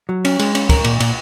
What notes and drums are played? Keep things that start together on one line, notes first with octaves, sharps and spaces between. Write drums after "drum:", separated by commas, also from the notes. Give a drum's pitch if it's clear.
F#3
C#4, drum: cymbal
G#3, drum: cymbal
C#4, drum: cymbal
A#4, drum: kick, cymbal
A#2, drum: cymbal
A#2, drum: cymbal